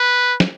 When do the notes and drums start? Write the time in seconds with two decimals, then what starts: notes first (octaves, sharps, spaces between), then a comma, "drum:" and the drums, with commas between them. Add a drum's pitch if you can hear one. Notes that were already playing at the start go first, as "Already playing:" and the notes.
Already playing: B4
0.40 drum: snare